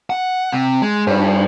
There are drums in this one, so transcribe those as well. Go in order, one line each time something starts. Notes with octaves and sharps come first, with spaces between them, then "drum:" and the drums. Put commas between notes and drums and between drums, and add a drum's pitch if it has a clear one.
F#5
C3
G#3
G2, drum: cymbal